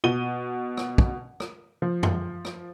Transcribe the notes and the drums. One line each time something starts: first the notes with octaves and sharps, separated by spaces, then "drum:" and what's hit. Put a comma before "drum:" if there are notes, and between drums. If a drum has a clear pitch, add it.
B2 D#7 G7
drum: rim click
drum: kick
drum: rim click
F3
drum: tom F2
drum: rim click